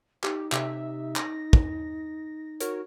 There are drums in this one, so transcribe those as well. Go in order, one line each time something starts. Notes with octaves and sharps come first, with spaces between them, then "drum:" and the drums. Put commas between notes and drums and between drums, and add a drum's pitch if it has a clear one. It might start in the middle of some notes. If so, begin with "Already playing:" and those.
D#4 G4, drum: clap
C3 E5 E6, drum: clap
A#6, drum: clap
drum: kick
F#4 A#4 C#5, drum: hi-hat